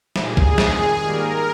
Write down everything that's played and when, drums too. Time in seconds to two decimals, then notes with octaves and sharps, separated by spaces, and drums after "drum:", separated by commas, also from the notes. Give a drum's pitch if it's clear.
0.16 A#2 G3 A#3 G#4, drum: snare
0.37 drum: kick C2
0.58 F2 D#3 G#3, drum: snare
1.01 G#2 D#3 G3 A#3 A#4